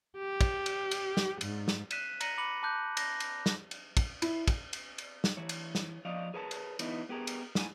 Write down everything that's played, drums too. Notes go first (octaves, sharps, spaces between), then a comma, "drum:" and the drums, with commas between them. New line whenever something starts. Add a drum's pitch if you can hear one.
G4
drum: kick, cymbal
drum: cymbal
drum: cymbal
drum: snare
G#2, drum: cymbal
drum: snare
F#6 B6 D#7 E7, drum: cymbal
A#5 A#6 C#7 D#7 F#7, drum: cymbal
B5 D6 C#7 F#7
A5 D6 F#6 G6
A#6, drum: cymbal
drum: cymbal
drum: snare
drum: cymbal
drum: kick, cymbal
E4, drum: cymbal
drum: kick, cymbal
drum: cymbal
drum: cymbal
drum: snare
E3 C#5
drum: cymbal
drum: snare
F3 D5 D#5 F5
G#4 A#4 B4 C#5 G#5 A5
drum: cymbal
E3 B3 D#4 E4, drum: cymbal
B3 G4 G#4 A#4
drum: cymbal
A2 G#5, drum: snare